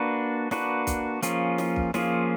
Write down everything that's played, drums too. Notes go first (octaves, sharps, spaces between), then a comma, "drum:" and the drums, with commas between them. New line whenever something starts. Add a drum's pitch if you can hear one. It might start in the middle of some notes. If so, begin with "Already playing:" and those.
Already playing: A#3 D4 F#4 B4
A#3 D4 F#4 B4, drum: snare
drum: kick, hi-hat
F3 A#3 C#4 F4 G#4, drum: hi-hat
drum: snare
drum: kick
F3 A#3 C#4 F4 G#4, drum: snare